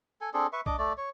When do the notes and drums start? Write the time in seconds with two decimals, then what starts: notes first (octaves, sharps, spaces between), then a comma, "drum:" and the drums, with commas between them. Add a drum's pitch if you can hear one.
0.21 A4 G#5
0.34 C4 D4 G#4 A4
0.53 B4 E5 C#6
0.66 D4 D#5 D6, drum: kick B1
0.78 A3 D5
0.98 C#5